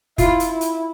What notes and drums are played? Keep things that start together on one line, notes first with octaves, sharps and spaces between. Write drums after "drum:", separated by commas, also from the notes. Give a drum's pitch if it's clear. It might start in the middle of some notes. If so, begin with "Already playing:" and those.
E4 F4, drum: kick F1, hi-hat
drum: hi-hat
E4
drum: hi-hat